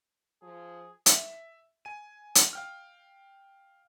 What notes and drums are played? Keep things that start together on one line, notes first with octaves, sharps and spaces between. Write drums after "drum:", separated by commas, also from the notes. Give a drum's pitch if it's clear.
F3 G#4
E5, drum: hi-hat
G#5 D#7
drum: hi-hat
F5 G5 F6